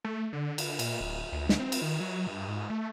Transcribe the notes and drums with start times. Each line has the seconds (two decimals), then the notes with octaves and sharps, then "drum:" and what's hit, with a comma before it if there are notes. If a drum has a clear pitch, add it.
0.04 A3
0.33 D3
0.58 D3, drum: cymbal
0.79 A#2, drum: cymbal
1.01 D1
1.32 D2
1.49 drum: snare
1.59 C4
1.72 drum: cymbal
1.82 D#3
2.00 F#3
2.27 G2
2.48 G#2
2.70 A3